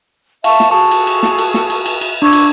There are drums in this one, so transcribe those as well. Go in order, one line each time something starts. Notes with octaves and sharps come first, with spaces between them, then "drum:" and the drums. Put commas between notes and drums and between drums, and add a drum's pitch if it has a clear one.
E5 F5 A5 C#6, drum: cymbal
drum: snare
F#4 G#4 A4 A5 C#6
drum: cymbal
drum: cymbal
drum: snare
drum: cymbal
drum: snare
drum: cymbal
drum: cymbal
drum: cymbal
D4 C#6 D6 E6 G#6
drum: cymbal